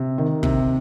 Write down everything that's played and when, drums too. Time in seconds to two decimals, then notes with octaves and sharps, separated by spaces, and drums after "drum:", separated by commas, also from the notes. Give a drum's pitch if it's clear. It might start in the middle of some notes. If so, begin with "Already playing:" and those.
Already playing: C3
0.18 D#3
0.43 C3, drum: kick